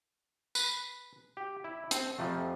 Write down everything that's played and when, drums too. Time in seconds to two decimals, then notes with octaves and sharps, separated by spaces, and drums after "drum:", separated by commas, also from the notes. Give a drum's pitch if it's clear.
0.55 B4, drum: tambourine
1.37 G4
1.64 E4
1.91 C4, drum: hi-hat
2.19 F2 C3 F3 A3